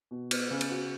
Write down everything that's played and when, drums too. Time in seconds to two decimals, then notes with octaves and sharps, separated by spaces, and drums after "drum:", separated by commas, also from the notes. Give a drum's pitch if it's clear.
0.11 B2
0.31 B3, drum: cymbal
0.51 C#3
0.61 drum: cymbal
0.71 F#4